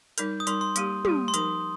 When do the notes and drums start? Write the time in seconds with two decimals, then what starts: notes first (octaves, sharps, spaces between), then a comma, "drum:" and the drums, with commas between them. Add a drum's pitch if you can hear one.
0.18 G3 D#4 A#4 G6, drum: hi-hat
0.40 D#6
0.47 G3 D#4 A#4 C6, drum: hi-hat
0.61 C6
0.76 G3 A#3 G4, drum: hi-hat
1.05 G3 A#3 G4, drum: tom
1.28 C6
1.34 F3 D#4 A#4 D#6, drum: hi-hat